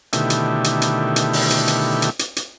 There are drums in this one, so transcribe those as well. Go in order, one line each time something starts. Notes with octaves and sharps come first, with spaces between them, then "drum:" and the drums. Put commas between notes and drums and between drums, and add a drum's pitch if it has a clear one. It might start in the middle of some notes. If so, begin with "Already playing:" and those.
B2 D3 D#3 A3 E4 G4, drum: hi-hat
drum: hi-hat
drum: hi-hat
drum: hi-hat
drum: hi-hat
drum: open hi-hat
drum: hi-hat
drum: hi-hat
drum: hi-hat
drum: hi-hat
drum: hi-hat